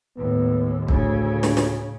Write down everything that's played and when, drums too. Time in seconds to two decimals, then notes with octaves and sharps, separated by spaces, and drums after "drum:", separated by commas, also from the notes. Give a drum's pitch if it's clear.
0.17 D#2 A2 B3
0.88 D2 A2 C#3, drum: kick
1.43 drum: snare
1.57 drum: snare